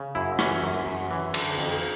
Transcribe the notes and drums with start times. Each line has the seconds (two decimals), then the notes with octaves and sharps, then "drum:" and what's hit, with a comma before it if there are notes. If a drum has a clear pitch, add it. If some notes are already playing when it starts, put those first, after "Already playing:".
Already playing: C#3
0.15 F#2 E4
0.39 E3 C#4, drum: rim click
0.63 F#2
0.86 F#2
1.11 E3
1.34 D3, drum: cymbal
1.58 F2